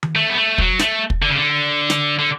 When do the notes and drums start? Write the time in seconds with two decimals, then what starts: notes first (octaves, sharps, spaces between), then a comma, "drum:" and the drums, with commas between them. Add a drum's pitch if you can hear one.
0.03 drum: tom D#3
0.16 A3
0.30 B3
0.37 A3
0.58 F#3, drum: kick
0.79 A3, drum: snare
1.10 drum: kick
1.22 D3
1.30 C#3
1.36 D3
1.90 drum: snare
2.19 D3